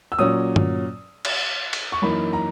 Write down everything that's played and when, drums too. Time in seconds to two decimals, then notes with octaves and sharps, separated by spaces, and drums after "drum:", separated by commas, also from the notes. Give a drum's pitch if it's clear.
0.12 E6
0.19 A#2 F#3 C#4 D#6
0.56 drum: tom
1.25 drum: cymbal
1.73 drum: cymbal
1.92 C#6
2.02 F#2 E3 A#3 D#4 B5
2.33 A#5